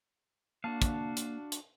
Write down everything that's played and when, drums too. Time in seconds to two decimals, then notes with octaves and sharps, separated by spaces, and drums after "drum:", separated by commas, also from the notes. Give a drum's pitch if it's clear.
0.64 A#3 D4 F#4 F5 A5
0.82 drum: kick, hi-hat
1.17 drum: hi-hat
1.52 drum: hi-hat